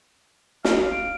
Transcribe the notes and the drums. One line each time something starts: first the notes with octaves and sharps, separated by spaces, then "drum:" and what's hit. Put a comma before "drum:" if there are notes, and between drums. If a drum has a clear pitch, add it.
F5, drum: snare
D7